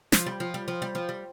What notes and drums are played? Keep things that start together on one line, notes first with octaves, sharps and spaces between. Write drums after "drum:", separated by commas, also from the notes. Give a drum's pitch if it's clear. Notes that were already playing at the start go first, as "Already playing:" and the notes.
F3, drum: snare
G3
F3
G3
F3
G3
F3
G3